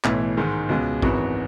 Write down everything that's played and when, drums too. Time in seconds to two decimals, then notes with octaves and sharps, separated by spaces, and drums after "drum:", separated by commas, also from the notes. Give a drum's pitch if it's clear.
0.04 B1 A2 E3, drum: clap
0.37 G#2 D#3 G#3
0.69 C#2 B2 G#3
1.02 G#1 F#2 E3 B3 F#4, drum: kick